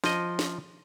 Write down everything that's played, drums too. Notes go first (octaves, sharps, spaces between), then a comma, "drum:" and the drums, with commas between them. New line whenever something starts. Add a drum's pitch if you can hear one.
F3 D#5, drum: snare
drum: snare